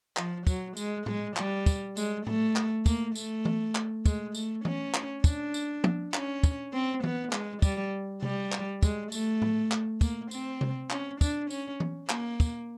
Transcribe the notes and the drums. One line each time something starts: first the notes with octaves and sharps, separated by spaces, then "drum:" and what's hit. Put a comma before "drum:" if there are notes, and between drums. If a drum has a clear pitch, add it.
F3, drum: clap
F#3, drum: kick, tambourine
G#3, drum: tambourine
G#3, drum: tom A2
G3, drum: clap
drum: kick, tambourine
G#3, drum: tambourine
A3, drum: tom A2
drum: clap
A#3, drum: kick, tambourine
A3, drum: tambourine
drum: tom E3
drum: clap
G#3, drum: kick, tambourine
A3, drum: tambourine
C#4, drum: tom E3
drum: clap
D4, drum: kick, tambourine
drum: tambourine
drum: tom F3
C#4, drum: clap
drum: kick, tambourine
C4
B3, drum: tom E3
G#3, drum: clap
G3, drum: kick, tambourine
G3, drum: tom C3
drum: clap
G#3, drum: kick, tambourine
A3, drum: tambourine
drum: tom A2
drum: clap
A#3, drum: kick, tambourine
C4, drum: tambourine
drum: tom C3
C#4, drum: clap
D4, drum: kick, tambourine
C#4, drum: tambourine
drum: tom E3
A#3, drum: clap
drum: kick, tambourine